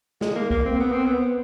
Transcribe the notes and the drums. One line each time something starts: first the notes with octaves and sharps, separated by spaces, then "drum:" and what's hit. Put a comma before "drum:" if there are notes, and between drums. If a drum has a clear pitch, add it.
G#3, drum: snare
A#3
A#3, drum: kick
C4
B3
C4
B3